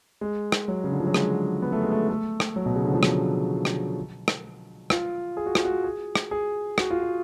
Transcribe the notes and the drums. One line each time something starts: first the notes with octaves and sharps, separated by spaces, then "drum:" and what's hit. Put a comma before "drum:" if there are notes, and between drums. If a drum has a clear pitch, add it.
G#3
drum: rim click
F#3
C#3
D3
F3
F#3
G#3, drum: rim click
B3
A3
G#3
A3
A3
drum: rim click
F#3
B2
C#3
D3
F3
F#3, drum: rim click
drum: rim click
drum: rim click
F4, drum: rim click
G#4
F#4
F4, drum: rim click
F#4
G#4
drum: rim click
G#4
F#4, drum: rim click
F4
F#4